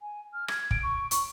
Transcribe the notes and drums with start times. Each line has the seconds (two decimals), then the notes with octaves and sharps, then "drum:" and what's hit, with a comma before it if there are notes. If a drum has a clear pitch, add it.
0.01 G#5
0.34 F6
0.48 G#6, drum: rim click
0.71 D7, drum: kick
0.83 C#6
1.11 C#6, drum: hi-hat